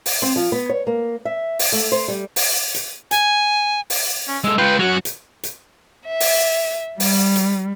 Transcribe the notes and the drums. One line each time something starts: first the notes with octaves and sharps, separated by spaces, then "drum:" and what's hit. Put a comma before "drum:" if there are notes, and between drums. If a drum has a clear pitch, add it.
drum: open hi-hat
C4
F3
B3
C#5
A#3
E5
drum: open hi-hat
A3
C5
G3
drum: open hi-hat
drum: hi-hat
G#5, drum: hi-hat
drum: open hi-hat
C#4
G#3 A4 E6
G#3 F4 B4 G5
F#3 C#4 F#4 F#5
drum: hi-hat
drum: hi-hat
E5
drum: open hi-hat
G3, drum: open hi-hat
drum: hi-hat